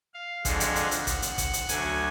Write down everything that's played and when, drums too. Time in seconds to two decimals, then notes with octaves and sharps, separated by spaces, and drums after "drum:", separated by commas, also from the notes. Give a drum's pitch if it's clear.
0.14 F5
0.45 F2 D3 F3 G#3 F#5, drum: kick A1, hi-hat
0.60 drum: hi-hat
0.76 drum: hi-hat
0.91 drum: hi-hat
1.07 drum: kick A1, hi-hat
1.22 drum: hi-hat
1.38 drum: kick A1, hi-hat
1.53 drum: hi-hat
1.69 D2 D3 F#3 G#5, drum: hi-hat